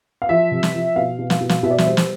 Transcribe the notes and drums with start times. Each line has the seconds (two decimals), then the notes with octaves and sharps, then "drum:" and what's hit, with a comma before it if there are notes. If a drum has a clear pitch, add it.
0.22 F5
0.29 F3 E5
0.51 C3
0.63 drum: snare
0.74 F3
0.96 B2 F5
1.19 B2
1.30 F5, drum: snare
1.40 B2
1.49 F5, drum: snare
1.63 B2 E5
1.71 D5
1.78 E5, drum: snare
1.86 G3 C5
1.97 drum: snare